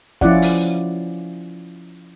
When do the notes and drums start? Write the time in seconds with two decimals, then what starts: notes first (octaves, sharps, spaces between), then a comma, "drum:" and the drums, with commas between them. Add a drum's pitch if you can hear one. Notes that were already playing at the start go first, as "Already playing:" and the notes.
0.21 F3 C#4 E4 F4 D5 F#5, drum: kick
0.42 drum: open hi-hat